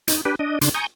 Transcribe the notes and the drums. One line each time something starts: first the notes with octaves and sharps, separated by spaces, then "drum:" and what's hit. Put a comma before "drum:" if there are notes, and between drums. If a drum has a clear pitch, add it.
D#4, drum: hi-hat
D4 G4 B4
D4 D#5
C#3 D4 C6, drum: hi-hat
G#5 A#5 C#6 D#6 G6